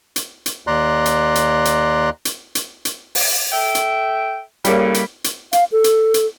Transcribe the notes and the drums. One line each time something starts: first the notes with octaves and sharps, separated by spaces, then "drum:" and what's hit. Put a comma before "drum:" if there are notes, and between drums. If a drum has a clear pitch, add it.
drum: hi-hat
drum: hi-hat
D#2 D5 A#5 C6 F#6
drum: hi-hat
drum: hi-hat
drum: hi-hat
drum: hi-hat
drum: hi-hat
drum: hi-hat
drum: open hi-hat
A4 E5 G5
drum: hi-hat
A2 C#3 G3 A#3, drum: hi-hat
drum: hi-hat
drum: hi-hat
F5, drum: hi-hat
A4
drum: hi-hat
drum: hi-hat